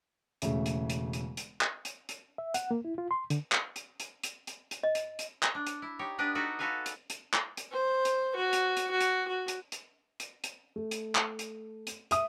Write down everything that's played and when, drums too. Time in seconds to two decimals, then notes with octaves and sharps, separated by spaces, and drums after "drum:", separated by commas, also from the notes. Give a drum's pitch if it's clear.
0.42 E1 C#3 A3, drum: hi-hat
0.66 drum: hi-hat
0.90 drum: hi-hat
1.13 drum: hi-hat
1.37 drum: hi-hat
1.61 drum: clap
1.85 drum: hi-hat
2.09 drum: hi-hat
2.38 E5
2.54 F#5, drum: hi-hat
2.71 A#3
2.85 E4
2.98 F4
3.11 C6
3.30 D3, drum: hi-hat
3.52 drum: clap
3.76 drum: hi-hat
4.00 drum: hi-hat
4.23 drum: hi-hat
4.47 drum: hi-hat
4.71 drum: hi-hat
4.83 D#5
4.95 drum: hi-hat
5.19 drum: hi-hat
5.43 drum: clap
5.55 D4
5.67 drum: hi-hat
5.82 E4
5.99 D#4 G4 C#5
6.18 B3 D4 B4 D5 D#5
6.35 D#4 F#4 A4 B4 D5
6.59 F#4 A4 B4 F5 G#5
6.86 drum: hi-hat
7.10 drum: hi-hat
7.34 drum: clap
7.57 drum: hi-hat
7.72 C5
8.05 drum: hi-hat
8.35 F#4
8.53 drum: hi-hat
8.77 drum: hi-hat
8.90 F#4
9.01 drum: hi-hat
9.28 F#4
9.48 drum: hi-hat
9.72 drum: hi-hat
10.20 drum: hi-hat
10.44 drum: hi-hat
10.76 A3
10.91 drum: hi-hat
11.15 drum: clap
11.39 drum: hi-hat
11.87 drum: hi-hat
12.11 E5 D#6, drum: hi-hat